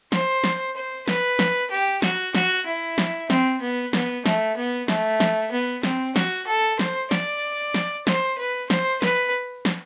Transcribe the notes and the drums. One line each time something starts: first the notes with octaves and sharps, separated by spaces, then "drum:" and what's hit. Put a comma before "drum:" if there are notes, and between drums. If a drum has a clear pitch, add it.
C5, drum: snare
drum: snare
C5
B4, drum: snare
drum: snare
G4
F#4, drum: snare
F#4, drum: snare
E4
drum: snare
C4, drum: snare
B3
B3, drum: snare
A3, drum: snare
B3
A3, drum: snare
drum: snare
B3
C4, drum: snare
F#4, drum: snare
A4
C5, drum: snare
D5, drum: snare
drum: snare
C5, drum: snare
B4
C5, drum: snare
B4, drum: snare
drum: snare